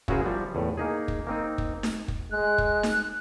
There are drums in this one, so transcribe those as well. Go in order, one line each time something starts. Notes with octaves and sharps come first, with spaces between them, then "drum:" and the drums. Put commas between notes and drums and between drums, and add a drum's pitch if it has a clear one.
C#3 E4 F#4 G#4 A#4 C5, drum: kick
F3 G3
E2 A2
A#3 D#4 G#4
drum: kick
A#3 C4 D#4
drum: kick
drum: snare D#4
drum: kick
G#3 F#6
drum: kick
drum: snare D#4